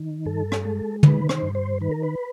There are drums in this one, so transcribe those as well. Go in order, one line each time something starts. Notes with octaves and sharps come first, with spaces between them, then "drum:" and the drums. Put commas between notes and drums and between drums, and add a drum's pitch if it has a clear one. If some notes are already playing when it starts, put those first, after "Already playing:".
Already playing: D#3
G2 A4
drum: rim click
G#3
D#3 B4, drum: tom
C5, drum: rim click
G2
C5
D#3 B4
A#4
B4